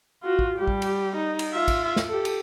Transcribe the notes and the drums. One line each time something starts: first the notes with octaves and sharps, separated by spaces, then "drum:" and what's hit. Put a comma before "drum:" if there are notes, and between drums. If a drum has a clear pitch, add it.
F4 F#4
drum: kick
G3 G4
drum: kick
drum: cymbal
D#4
drum: cymbal
F4 E5
drum: kick, cymbal
drum: snare
G4 A4
drum: cymbal